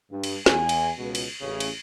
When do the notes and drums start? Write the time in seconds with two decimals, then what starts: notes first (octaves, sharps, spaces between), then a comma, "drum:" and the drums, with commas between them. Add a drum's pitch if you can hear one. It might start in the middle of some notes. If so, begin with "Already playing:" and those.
0.11 G2
0.24 drum: cymbal
0.46 E2 G#5, drum: snare
0.69 drum: cymbal
0.98 C#2 B2
1.15 drum: cymbal
1.41 A1 C#3
1.60 drum: cymbal